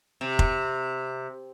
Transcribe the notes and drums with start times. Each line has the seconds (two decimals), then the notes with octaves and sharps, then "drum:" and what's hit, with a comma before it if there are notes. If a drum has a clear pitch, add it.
0.21 C3
0.39 drum: kick F1